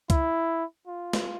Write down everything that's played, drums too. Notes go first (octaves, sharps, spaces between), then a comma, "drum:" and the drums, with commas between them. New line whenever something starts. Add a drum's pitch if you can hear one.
E4, drum: kick C#2, hi-hat
F4
drum: snare